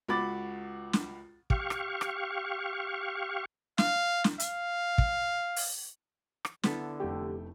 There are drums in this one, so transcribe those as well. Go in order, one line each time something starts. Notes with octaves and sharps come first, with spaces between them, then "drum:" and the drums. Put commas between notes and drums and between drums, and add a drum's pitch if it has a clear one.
C#2 F#4 B5 D6 A6
drum: snare
G4 F5 C#6, drum: kick
drum: rim click
drum: rim click
F5, drum: snare
drum: snare
F5, drum: hi-hat
drum: kick
drum: open hi-hat
drum: rim click
D3 B3 E4 A4, drum: snare
F1 A3 G4 G5